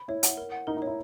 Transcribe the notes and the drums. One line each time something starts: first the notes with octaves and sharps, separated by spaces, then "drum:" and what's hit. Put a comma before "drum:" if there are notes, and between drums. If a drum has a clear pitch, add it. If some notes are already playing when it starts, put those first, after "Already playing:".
Already playing: B5
E4 C#5
F#5, drum: hi-hat
A#4
F#5
D#4 A#4
D#4
E4 C#5